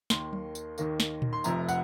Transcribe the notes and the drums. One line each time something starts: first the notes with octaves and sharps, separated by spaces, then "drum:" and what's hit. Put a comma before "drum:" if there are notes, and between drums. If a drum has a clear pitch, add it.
D#2 D#3 A#3 C6, drum: snare
drum: tom F#3
drum: tambourine
D#2 D#3 A#3, drum: tambourine
drum: snare
drum: tom A#2
C6
F1 F2 C3 A#5, drum: tambourine
F#5, drum: tambourine